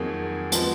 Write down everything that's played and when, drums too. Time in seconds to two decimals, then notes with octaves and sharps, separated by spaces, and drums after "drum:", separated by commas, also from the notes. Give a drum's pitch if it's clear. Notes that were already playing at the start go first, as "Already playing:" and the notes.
Already playing: F2 D#3 F#3 A#3 G#4
0.52 F3 G#3 B3, drum: hi-hat